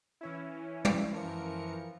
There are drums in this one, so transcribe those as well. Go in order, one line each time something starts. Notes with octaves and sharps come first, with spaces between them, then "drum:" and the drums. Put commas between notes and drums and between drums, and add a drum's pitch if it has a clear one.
E3 C#4 E4
drum: tom
F#2 E3 F3 A#4 C#7